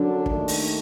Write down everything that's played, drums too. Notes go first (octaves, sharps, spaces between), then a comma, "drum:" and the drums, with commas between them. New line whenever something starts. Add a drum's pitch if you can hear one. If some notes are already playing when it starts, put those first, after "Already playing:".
Already playing: F#2 D3 F#3 D4
D#2 D#3 A3, drum: kick
drum: open hi-hat